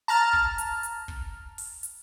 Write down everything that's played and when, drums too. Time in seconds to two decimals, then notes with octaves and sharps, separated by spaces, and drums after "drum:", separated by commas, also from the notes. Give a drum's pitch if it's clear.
0.08 A5 A#5 F6
0.33 drum: kick
0.58 drum: hi-hat
0.83 drum: hi-hat
1.08 drum: kick
1.58 drum: open hi-hat
1.83 drum: hi-hat